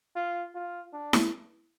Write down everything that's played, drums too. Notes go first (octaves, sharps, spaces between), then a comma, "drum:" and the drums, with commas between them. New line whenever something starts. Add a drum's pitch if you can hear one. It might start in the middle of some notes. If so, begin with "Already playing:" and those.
F4
F4
D4
drum: snare E4